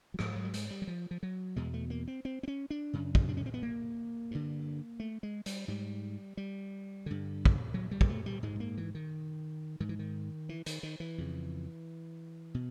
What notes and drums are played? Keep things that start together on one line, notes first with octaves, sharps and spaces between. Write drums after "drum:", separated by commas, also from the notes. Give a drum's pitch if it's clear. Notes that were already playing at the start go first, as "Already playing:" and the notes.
F#3
G#2 F3, drum: rim click
F#3
G3
G#3, drum: hi-hat
G3
F#3
F3
F3
F#3
E2 B2 G#3
A3
A#3
C4
C4
C4
C#4
D4
F#2 C#3
drum: kick
D4
C#4
C4
B3
A#3
G2 D3
A3
G#3
G3, drum: hi-hat
G#2 G3
G3
G2 D3
drum: kick
F#3
G3
A#3, drum: kick
A3
G3
G#2 G#3
A#3
E3
D#3
G#2 D#3
E3
D#3
E3
D#3, drum: hi-hat
D#3
E3
F2 C#3
B2